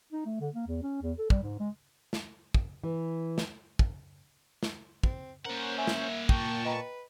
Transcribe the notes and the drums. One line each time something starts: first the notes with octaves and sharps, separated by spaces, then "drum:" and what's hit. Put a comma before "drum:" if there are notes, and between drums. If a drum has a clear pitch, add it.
D#4
A3
D3
A#3
E2
C#4
E2
A4
G3, drum: kick
G#2
G#3
drum: snare
drum: kick
E3
drum: snare
drum: kick
drum: snare
C4, drum: kick
A#3 C#4 A#4 C5 F#5
E5 G#5
drum: snare
A#2 G5 A5 C#6, drum: kick
B4 D#5 G5 A#5